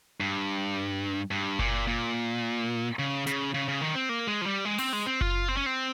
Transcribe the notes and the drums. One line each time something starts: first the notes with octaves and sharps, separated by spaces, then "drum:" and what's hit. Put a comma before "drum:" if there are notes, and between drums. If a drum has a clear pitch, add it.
G2
G2
A#2, drum: kick F#1
A#2
C#3
C#3, drum: hi-hat
C#3
C#3
D#3
C4
A#3
G#3
F3
G3
G#3
C4, drum: open hi-hat
G#3
C4
F4, drum: kick F#1
C4
C#4
C4